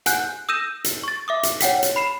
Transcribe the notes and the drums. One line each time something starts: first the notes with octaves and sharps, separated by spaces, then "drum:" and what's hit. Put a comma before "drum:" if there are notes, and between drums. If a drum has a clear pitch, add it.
F#5 G#5 F#6 G6, drum: hi-hat
D#6 E6 G6 A#6 D#7 E7
drum: hi-hat
C#6 A6
E5 D6 D#6
drum: hi-hat
C#5 F#5 G5 B6, drum: hi-hat
drum: hi-hat
B5 C7 E7